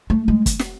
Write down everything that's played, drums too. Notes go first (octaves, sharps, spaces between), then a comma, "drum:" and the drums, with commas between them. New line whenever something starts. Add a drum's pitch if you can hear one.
A3
G#3
drum: kick, hi-hat
drum: snare